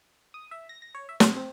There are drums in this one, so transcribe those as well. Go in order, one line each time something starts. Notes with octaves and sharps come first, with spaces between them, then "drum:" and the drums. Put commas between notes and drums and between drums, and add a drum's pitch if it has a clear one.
D#6
E5
A#6
A#6
C#5
E5
C3, drum: snare
C4